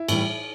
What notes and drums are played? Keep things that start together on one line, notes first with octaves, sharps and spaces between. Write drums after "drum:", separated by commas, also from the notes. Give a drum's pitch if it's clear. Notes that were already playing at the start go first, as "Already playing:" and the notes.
Already playing: E4
A2 E3 G3, drum: cymbal